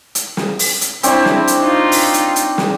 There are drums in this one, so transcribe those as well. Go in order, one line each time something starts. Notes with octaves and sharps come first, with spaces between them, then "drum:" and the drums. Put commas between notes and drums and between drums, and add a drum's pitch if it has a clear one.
drum: hi-hat
drum: snare
drum: open hi-hat
drum: hi-hat
C4 D4 E4 C#5, drum: hi-hat
drum: snare
drum: hi-hat
D#4 F4
drum: open hi-hat
drum: hi-hat
drum: hi-hat
drum: snare